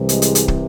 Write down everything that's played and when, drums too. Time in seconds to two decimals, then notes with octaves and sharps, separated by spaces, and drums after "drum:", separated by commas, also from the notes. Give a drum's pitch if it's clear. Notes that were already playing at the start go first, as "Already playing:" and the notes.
Already playing: C2 C3 E3
0.09 G#3, drum: hi-hat
0.22 drum: hi-hat
0.35 drum: hi-hat
0.48 drum: kick